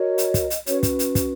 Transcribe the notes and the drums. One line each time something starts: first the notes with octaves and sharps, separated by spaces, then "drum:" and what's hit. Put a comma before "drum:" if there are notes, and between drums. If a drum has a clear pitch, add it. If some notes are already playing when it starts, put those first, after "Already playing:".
Already playing: F#4 A#4 C#5 D#5
drum: hi-hat
drum: kick, hi-hat
drum: hi-hat
C#4 F#4 B4 C#5, drum: hi-hat
drum: kick, hi-hat
drum: hi-hat
drum: kick, hi-hat